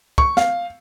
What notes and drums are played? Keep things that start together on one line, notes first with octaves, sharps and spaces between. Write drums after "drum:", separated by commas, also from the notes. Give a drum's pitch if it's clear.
C#6, drum: kick
F5, drum: snare